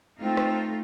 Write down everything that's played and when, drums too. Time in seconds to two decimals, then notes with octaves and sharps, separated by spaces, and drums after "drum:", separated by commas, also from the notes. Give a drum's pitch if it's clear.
0.19 A3 C4 D#4 F4
0.37 drum: rim click